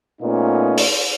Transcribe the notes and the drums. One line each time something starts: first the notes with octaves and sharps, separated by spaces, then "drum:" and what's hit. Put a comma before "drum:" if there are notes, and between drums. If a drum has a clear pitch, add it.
A#2 A3 B3 C#4 D#4 F4
drum: open hi-hat